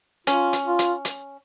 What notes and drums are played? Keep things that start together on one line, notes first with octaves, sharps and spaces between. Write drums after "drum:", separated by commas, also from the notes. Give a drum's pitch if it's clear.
C#4 F4, drum: hi-hat
drum: hi-hat
F4
drum: hi-hat
drum: hi-hat